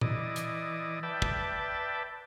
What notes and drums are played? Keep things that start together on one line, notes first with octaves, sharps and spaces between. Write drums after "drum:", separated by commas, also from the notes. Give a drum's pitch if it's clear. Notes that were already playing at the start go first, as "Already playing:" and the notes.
E3 D5 D#5, drum: tom A#2
drum: hi-hat
B4 D5 E5 G5 A5
drum: kick